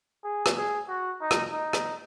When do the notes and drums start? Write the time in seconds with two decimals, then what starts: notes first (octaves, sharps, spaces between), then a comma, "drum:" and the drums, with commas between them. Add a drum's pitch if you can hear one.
0.24 G#4
0.46 drum: rim click
0.56 G#4
0.88 F#4
1.21 D#4
1.31 drum: rim click
1.52 D#4
1.73 drum: rim click